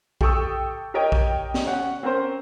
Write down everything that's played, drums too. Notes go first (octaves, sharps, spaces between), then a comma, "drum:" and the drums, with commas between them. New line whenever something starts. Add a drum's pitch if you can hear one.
G4 A4 G5 C#6 D#6 E6, drum: kick A#1
G4 A#4 C#5 D#5 G5
drum: kick A#1
drum: snare
C#4 F#5
C4 C#4 A#4 C5